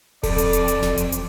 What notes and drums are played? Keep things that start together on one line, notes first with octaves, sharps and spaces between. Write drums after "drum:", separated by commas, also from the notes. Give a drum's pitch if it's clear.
F2 A4 D5, drum: kick D#1, open hi-hat
drum: hi-hat
drum: hi-hat
drum: hi-hat
drum: snare F1
drum: hi-hat
drum: hi-hat